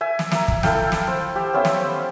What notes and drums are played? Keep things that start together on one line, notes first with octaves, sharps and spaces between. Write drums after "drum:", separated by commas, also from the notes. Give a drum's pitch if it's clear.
E5 G#5
drum: snare
E5 A#5, drum: snare
drum: kick
E4 A4 F5 G5, drum: snare
drum: snare
C5
G4
B3 C#4 C5 E5
drum: snare